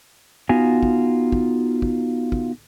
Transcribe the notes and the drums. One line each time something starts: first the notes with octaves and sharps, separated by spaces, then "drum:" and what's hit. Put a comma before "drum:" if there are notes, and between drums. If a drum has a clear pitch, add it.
B3 D#4 F4 F#4 G#5
drum: kick
drum: kick
drum: kick
drum: kick